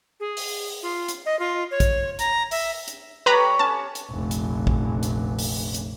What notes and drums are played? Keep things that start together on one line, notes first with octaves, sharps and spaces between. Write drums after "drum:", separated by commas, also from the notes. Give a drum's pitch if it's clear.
G#4
drum: open hi-hat
F4
drum: hi-hat
D#5
F4
C#5
drum: kick, hi-hat
A#5, drum: hi-hat
E5, drum: open hi-hat
drum: hi-hat
G3 B4 C#5 A#5 B5
C#4 A5
drum: hi-hat
F1 A#1
drum: hi-hat
drum: kick
drum: hi-hat
drum: open hi-hat
drum: hi-hat